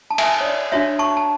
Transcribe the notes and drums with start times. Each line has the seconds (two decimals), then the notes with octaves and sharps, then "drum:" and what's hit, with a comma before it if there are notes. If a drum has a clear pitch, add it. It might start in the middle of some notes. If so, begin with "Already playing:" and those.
0.10 A5
0.18 E5 G#5, drum: cymbal
0.41 C#5
0.45 D5
0.72 D4 F#4 C#5 E5
0.99 A5 C#6
1.17 A5